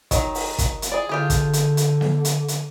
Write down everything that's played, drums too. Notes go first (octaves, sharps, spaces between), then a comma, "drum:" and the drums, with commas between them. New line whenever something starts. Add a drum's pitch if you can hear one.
D#3 F#3, drum: kick, hi-hat
drum: open hi-hat
drum: kick, hi-hat
drum: hi-hat
G#4 D5
D3 F4 G4 G#4
drum: kick, hi-hat
drum: hi-hat
drum: hi-hat
drum: snare
drum: hi-hat
drum: hi-hat